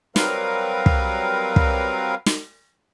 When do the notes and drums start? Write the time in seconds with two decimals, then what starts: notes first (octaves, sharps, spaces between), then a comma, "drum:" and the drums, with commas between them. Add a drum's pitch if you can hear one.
0.16 F#3 G3 C4 A#4 B4 F5, drum: snare
0.86 drum: kick
1.56 drum: kick
2.26 drum: snare